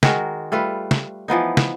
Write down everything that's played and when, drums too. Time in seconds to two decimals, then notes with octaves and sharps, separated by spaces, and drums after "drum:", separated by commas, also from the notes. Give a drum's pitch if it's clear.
0.03 D#3 G#3 F#4 A#4, drum: snare
0.52 G3 A3 F4 B4
0.91 drum: snare
1.28 E3 F3 B3 D#4
1.57 drum: snare